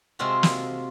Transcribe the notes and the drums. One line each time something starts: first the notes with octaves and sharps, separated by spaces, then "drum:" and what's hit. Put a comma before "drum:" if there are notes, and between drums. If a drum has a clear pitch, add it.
C3 G#3 C4 F4 F#4 A4
drum: snare